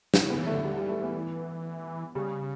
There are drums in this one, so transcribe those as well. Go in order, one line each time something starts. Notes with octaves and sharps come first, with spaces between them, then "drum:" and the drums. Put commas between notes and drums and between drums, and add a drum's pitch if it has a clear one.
B2 G3, drum: snare
C#3 B3
E3
D3 A3
D3 G3
E3 G3
A3
E3 B3
C#3 G3